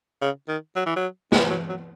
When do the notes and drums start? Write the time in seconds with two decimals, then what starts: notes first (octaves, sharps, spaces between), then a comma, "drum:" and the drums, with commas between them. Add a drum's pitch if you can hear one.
0.21 C#3
0.48 D#3
0.76 F#3
0.86 E3
0.96 F#3
1.32 G#3, drum: snare
1.50 F#3
1.69 F#3